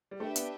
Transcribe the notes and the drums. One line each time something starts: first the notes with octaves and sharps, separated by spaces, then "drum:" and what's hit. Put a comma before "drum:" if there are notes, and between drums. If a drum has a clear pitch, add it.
G3
A3 D4 G4 B4 E5 G5
B3, drum: hi-hat